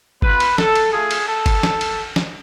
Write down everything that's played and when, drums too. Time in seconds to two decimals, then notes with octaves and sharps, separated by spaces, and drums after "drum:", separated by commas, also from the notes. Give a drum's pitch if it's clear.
0.22 B3 F4 B4, drum: kick G1
0.40 drum: cymbal
0.58 A4, drum: snare
0.75 drum: cymbal
0.93 A3 F4 G#4
1.11 drum: cymbal
1.28 A4
1.46 drum: kick G1, cymbal
1.63 drum: snare
1.81 drum: cymbal
2.16 drum: snare